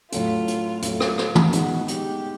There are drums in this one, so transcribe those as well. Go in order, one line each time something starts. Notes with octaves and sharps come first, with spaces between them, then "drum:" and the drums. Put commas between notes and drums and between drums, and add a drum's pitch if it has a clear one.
A2 F#3 A3 F4, drum: hi-hat
drum: hi-hat
A2 F#3 A3 F4, drum: hi-hat
drum: rim click
drum: rim click
drum: tom
G#3 B3 D#4 F#4, drum: hi-hat
G4, drum: hi-hat